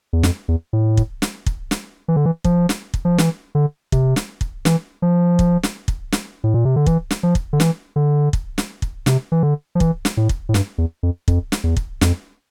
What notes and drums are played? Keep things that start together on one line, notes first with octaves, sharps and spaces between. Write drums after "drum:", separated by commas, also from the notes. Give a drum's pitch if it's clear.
E2
F2, drum: snare
E2
A2
drum: kick
drum: snare
drum: kick
drum: snare
E3
D3
E3
F3, drum: kick
drum: snare
drum: kick
F3
E3, drum: snare
D3
C3, drum: kick
drum: snare
drum: kick
E3, drum: snare
F3
drum: kick
drum: snare
drum: kick
drum: snare
A2
A#2
C3
D3
E3, drum: kick
drum: snare
F3
drum: kick
D3
E3, drum: snare
D3
drum: kick
drum: snare
drum: kick
C3, drum: snare
E3
D3
F3
E3, drum: kick
drum: snare
A2
drum: kick
A2
G2, drum: snare
E2
F2
F2, drum: kick
drum: snare
E2
drum: kick
F2, drum: snare